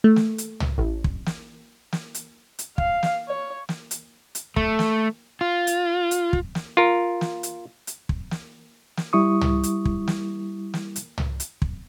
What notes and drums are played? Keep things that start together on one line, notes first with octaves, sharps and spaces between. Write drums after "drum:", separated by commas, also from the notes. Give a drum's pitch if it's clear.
A3
drum: snare
drum: hi-hat
drum: tom
A1
drum: kick
drum: snare
drum: snare
drum: hi-hat
drum: hi-hat
F5, drum: kick
drum: snare
C#5
drum: snare
drum: hi-hat
drum: hi-hat
A3, drum: kick
drum: snare
F4
drum: hi-hat
drum: hi-hat
drum: kick
drum: snare
F4 A#4
drum: snare
drum: hi-hat
drum: hi-hat
drum: kick
drum: snare
drum: snare
G3 E4 C#6 D#6
drum: tom
drum: hi-hat
drum: kick
drum: snare
drum: snare
drum: hi-hat
drum: tom
drum: hi-hat
drum: kick